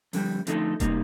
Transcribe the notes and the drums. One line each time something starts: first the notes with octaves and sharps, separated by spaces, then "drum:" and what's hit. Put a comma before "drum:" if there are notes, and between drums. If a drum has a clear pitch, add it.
F2 D3 G3, drum: open hi-hat
F2 D3 A3 D#4 A4, drum: hi-hat
C3 G3 A#3 D#4, drum: kick E1, hi-hat